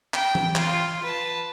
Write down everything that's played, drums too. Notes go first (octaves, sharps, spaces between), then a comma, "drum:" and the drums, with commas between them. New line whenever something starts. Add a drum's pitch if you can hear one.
G5, drum: clap
drum: tom E3
F4, drum: clap
B4 A5